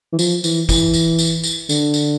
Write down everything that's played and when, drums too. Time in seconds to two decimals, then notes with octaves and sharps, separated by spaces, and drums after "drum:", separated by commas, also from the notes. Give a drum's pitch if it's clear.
0.13 E3
0.19 F3, drum: tambourine
0.44 E3, drum: tambourine
0.69 E3, drum: kick, tambourine
0.93 drum: tambourine
1.19 drum: tambourine
1.44 drum: tambourine
1.69 D3, drum: tambourine
1.94 drum: tambourine